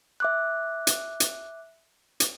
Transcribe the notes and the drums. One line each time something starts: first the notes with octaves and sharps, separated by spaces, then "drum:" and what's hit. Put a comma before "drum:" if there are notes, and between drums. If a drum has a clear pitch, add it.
E5 D6 F#6
drum: hi-hat
drum: hi-hat
drum: hi-hat